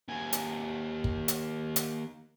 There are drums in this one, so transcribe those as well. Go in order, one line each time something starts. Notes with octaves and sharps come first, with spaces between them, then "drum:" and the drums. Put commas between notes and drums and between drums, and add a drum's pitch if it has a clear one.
D#2 G#5
drum: hi-hat
drum: kick
drum: hi-hat
drum: hi-hat